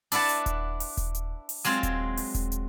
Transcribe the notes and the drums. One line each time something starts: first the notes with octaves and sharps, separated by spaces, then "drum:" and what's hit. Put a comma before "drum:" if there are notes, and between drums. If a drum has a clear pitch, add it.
D4 E4 B4 F#5 A5, drum: open hi-hat
drum: hi-hat
drum: kick D#1, hi-hat
drum: open hi-hat
drum: kick D#1, hi-hat
drum: hi-hat
drum: open hi-hat
F#3 G#3 C4 F4, drum: hi-hat
drum: kick D#1, hi-hat
drum: open hi-hat
drum: kick D#1, hi-hat
drum: hi-hat